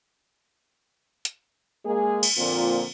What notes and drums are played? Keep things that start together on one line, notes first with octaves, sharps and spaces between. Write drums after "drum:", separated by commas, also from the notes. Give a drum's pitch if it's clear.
drum: hi-hat
G#3 A#3 G#4
drum: cymbal
A#2 D3 F3 A#3 C4 F4